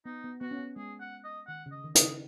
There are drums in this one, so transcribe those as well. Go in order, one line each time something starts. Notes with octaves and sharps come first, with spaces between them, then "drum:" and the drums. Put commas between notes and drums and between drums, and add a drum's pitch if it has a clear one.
B3 D#4
B3
B3 F#4
C#4
B3
G#3 G#4
F#5
D#5
D#3 F#5
C#3
D#5
D#3
D#5, drum: hi-hat
C#3